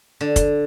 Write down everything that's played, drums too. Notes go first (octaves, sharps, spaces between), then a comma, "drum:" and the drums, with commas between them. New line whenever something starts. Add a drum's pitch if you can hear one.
D3
drum: kick, hi-hat